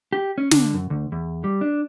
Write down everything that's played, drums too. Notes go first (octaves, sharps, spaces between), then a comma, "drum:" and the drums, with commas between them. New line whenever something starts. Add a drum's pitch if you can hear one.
G4
C#4
D3, drum: snare
F#2
D2
E2
G3
D4